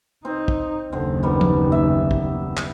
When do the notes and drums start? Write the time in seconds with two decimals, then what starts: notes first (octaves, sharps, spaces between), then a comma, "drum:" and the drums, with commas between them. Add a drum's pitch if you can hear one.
0.25 C4 D#4
0.48 drum: kick
0.92 F#1 D#2 D3 C4
1.23 D#3 G3 B3
1.41 drum: tom F3
1.72 E5
2.11 drum: kick
2.57 drum: clap